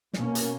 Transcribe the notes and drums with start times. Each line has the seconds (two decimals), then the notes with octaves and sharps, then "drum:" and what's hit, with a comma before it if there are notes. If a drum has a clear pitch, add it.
0.13 B2 A#3 C#4, drum: snare
0.35 drum: hi-hat